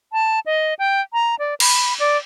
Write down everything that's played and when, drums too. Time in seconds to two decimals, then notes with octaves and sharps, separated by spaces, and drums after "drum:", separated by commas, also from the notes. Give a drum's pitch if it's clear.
0.12 A5
0.46 D#5
0.79 G5
1.13 A#5
1.39 D5
1.60 B5, drum: cymbal
1.99 D5